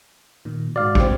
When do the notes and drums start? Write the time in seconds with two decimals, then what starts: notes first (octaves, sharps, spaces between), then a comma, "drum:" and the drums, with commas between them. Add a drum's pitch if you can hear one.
0.45 A#2 D#3
0.76 G#2 F#4 D5 F5
0.95 C4 C#5, drum: kick